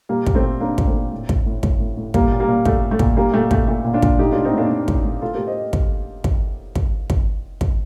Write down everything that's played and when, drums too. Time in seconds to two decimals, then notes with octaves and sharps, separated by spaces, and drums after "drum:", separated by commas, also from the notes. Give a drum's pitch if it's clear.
0.09 A#2 G3 A#3
0.26 A#2, drum: kick
0.35 A3 C4
0.44 A#2
0.60 A#2 A#3 D4
0.78 A#2, drum: kick
0.86 A3 C4
0.95 A#2
1.12 A2
1.29 A2, drum: kick
1.46 A2
1.63 A2, drum: kick
1.80 A2
1.98 A2
2.14 A#2 G3 A#3, drum: kick
2.32 A#2
2.40 G3 A#3
2.48 A#2
2.65 A#2 A3, drum: kick
2.83 A#2
2.91 A3
2.99 A#2, drum: kick
3.17 A#2 G3 A#3
3.33 A#2 A3
3.51 A#2 A3, drum: kick
3.68 A#2 A3
3.85 A#2
3.93 D4 F4
4.02 A#2, drum: kick
4.19 A2 D#4 G4
4.32 A2 D4 F4
4.45 C4 D#4
4.53 A2 A#3 D4
4.70 A2
4.88 A2, drum: kick
5.04 A2
5.21 A2 F4 A4
5.34 A2 G4 A#4
5.47 C5 D#5
5.73 drum: kick
6.24 drum: kick
6.75 drum: kick
7.10 drum: kick
7.61 drum: kick